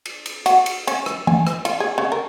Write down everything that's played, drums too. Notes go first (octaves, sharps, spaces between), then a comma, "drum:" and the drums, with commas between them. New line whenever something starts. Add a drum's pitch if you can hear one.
drum: cymbal
drum: cymbal
F#4, drum: cymbal
drum: cymbal
C#4, drum: cymbal
drum: rim click
G#5, drum: tom E3
drum: rim click
F4, drum: cymbal
G#4
C#3
A#4